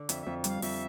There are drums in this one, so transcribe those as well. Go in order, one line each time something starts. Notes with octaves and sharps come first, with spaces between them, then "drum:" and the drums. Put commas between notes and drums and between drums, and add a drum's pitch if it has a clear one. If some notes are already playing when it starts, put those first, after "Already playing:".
Already playing: D3
F2 E5, drum: hi-hat
F2 E5
G3, drum: hi-hat
F5
F2 E5, drum: open hi-hat